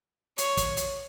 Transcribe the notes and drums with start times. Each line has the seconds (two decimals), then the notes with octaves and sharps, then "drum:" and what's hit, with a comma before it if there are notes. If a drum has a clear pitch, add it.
0.38 C#5, drum: hi-hat
0.57 drum: kick, hi-hat
0.77 drum: hi-hat